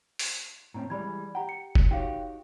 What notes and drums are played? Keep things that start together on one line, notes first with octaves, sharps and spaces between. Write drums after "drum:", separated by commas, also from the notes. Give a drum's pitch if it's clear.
drum: open hi-hat
A2 C4 C#4 A#5
E3 G3 G#3 D5 B5 G#6
G4 F#5 G5 A#5
C#7
drum: kick
D#4 F#4 G4 C#5 F5 G5